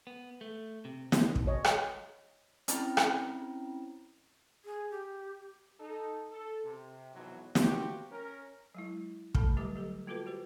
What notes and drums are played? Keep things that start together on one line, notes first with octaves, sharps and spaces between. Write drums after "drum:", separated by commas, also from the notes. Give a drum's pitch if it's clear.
B3
A3
C3
D3, drum: snare
drum: kick
C#5 D#5
drum: rim click
C4 C#4 E4 A#5, drum: hi-hat
drum: rim click
G#4
G4
D#4 A4
A4
C3
B1 F2 G#2 B2 E3 F#3
F3 C4 F#4 G4, drum: snare
C#4 A#4
F#3 G#3 E4
A3 A4 A5 B5, drum: kick
D3 F#3 G3 G4 A#5 D6
F#3 G4 A4
A#3 F4 F#4 A4 B4
F#4 G4 C5